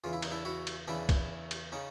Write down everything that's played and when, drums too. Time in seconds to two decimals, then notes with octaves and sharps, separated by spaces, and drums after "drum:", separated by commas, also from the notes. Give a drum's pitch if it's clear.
0.04 E2 C#3 E3 F4
0.13 E4
0.22 D#4, drum: cymbal
0.31 D4 E4
0.45 E4 F#4
0.67 drum: cymbal
0.88 E2 C#3 E3 D4 E4
1.09 drum: kick, cymbal
1.51 drum: cymbal
1.72 C#3 C#4 D#4